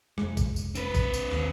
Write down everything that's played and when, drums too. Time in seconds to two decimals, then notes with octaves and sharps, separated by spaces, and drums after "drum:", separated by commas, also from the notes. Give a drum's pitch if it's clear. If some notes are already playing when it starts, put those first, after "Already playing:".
0.18 F1 G#3, drum: rim click
0.37 drum: kick, tambourine
0.56 drum: tambourine
0.75 C4 B4, drum: tambourine
0.94 drum: kick, tambourine
1.14 drum: tambourine
1.31 D#2, drum: rim click